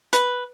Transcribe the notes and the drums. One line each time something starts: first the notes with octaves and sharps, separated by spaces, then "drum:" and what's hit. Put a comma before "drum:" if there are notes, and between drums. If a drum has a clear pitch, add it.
B4, drum: hi-hat